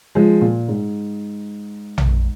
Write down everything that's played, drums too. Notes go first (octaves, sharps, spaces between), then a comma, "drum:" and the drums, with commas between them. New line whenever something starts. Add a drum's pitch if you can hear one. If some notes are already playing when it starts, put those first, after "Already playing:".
F3 G#3
A#2
G#2
drum: tom A#1